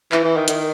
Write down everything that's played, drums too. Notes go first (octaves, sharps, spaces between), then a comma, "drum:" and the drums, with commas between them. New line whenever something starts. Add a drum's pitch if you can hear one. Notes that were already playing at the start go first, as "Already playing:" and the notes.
E3, drum: clap
E3
D#3
D#3, drum: hi-hat